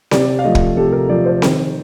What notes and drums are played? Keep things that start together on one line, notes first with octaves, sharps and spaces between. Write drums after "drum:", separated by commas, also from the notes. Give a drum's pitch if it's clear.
C3 D5, drum: snare C4
F5
F3 A3 D#5
drum: kick
C3 A4
A4
A#4
F3 A3 D5
C5
D#3, drum: snare C4